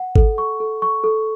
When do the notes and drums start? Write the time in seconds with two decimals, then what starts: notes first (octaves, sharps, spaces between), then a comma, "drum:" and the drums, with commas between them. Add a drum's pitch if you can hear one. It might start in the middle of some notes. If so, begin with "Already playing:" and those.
Already playing: F#5
0.15 A4, drum: kick G#1
0.38 C#6
0.60 A4
0.82 C#6
1.04 A4